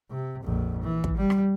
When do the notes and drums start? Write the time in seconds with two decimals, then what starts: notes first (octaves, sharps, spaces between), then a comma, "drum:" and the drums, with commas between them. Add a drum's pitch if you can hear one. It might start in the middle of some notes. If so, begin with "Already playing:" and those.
0.11 C3
0.43 A#1 F2
0.82 E3
1.04 drum: kick
1.17 G3
1.30 drum: rim click